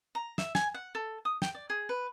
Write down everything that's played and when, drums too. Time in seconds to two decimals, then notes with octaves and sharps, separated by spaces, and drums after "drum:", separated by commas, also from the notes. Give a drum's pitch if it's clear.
0.15 A#5
0.38 E5, drum: snare
0.55 G#5, drum: snare
0.74 F#5
0.95 A4
1.25 D#6
1.42 G5, drum: snare
1.55 D5
1.70 G#4
1.89 B4